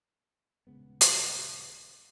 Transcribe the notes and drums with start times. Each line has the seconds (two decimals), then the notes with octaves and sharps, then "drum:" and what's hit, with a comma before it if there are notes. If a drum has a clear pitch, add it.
0.67 D#1 C#3 G#3 B3
1.01 drum: hi-hat